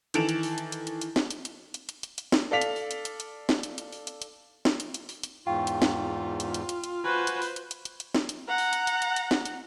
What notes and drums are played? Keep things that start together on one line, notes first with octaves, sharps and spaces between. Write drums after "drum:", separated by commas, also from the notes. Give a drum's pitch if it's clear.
D#3 E3 A4 D7 E7 F7, drum: hi-hat
drum: hi-hat
drum: open hi-hat
drum: hi-hat
drum: hi-hat
drum: hi-hat
drum: hi-hat
drum: snare
drum: hi-hat
drum: hi-hat
drum: hi-hat
drum: hi-hat
drum: hi-hat
drum: hi-hat
drum: snare
A4 D5 F5 B6 F7
drum: hi-hat
drum: open hi-hat
drum: hi-hat
drum: hi-hat
drum: hi-hat
drum: snare
drum: hi-hat
drum: hi-hat
drum: open hi-hat
drum: hi-hat
drum: hi-hat
drum: snare
drum: hi-hat
drum: hi-hat
drum: open hi-hat
drum: hi-hat
E2 G#2 F4 F5 G5 C#6
drum: hi-hat
drum: snare
drum: hi-hat
drum: hi-hat
drum: hi-hat
drum: hi-hat
F#4 B4 C5 G#5
drum: hi-hat
drum: open hi-hat
drum: hi-hat
drum: hi-hat
drum: hi-hat
drum: hi-hat
drum: snare
drum: hi-hat
F#5 A#5
drum: open hi-hat
drum: hi-hat
drum: hi-hat
drum: hi-hat
drum: hi-hat
drum: snare
drum: hi-hat